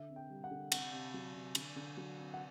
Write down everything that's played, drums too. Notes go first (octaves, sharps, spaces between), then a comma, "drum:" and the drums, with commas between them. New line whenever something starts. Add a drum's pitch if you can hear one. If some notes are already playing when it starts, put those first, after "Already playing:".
Already playing: D3 E5
C4
G5
G3
F#5
D3
C3 F#5, drum: cymbal
C3
F#3
C3
D3, drum: cymbal
D3
F#3
C4
F#5